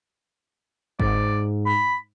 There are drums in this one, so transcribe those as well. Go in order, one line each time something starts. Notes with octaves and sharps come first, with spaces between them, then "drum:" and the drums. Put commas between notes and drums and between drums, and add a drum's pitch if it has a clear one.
G#2 D5, drum: kick G1
B5